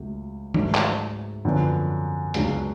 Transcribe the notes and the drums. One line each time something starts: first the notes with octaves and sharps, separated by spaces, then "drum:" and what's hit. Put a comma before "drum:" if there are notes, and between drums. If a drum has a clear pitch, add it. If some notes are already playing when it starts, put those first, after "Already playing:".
Already playing: C#2 C#3 F#3 A3
G#2 F#3 A3 D4, drum: tom D#3
drum: clap
F#2 D3 F3 B3 D4
C#2 C#3 F#3 B3 D4, drum: hi-hat